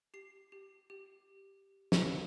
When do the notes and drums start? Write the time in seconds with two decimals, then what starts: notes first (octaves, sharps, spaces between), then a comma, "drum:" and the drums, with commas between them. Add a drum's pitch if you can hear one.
0.14 G4 C7
0.52 G4
0.90 G4
1.92 drum: snare